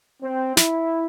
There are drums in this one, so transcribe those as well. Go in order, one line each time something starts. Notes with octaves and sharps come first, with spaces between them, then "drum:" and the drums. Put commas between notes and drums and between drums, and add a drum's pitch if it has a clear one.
C4
E4, drum: snare